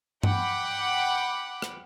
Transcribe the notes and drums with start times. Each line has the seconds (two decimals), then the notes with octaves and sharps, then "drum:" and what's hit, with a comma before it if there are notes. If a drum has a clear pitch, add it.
0.23 F#5 G5 B5 D6, drum: tom G2
1.62 drum: rim click